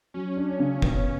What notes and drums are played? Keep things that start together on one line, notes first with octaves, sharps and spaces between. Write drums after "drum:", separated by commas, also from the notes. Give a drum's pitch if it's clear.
F#3 C#4
D4
C#3
B3, drum: kick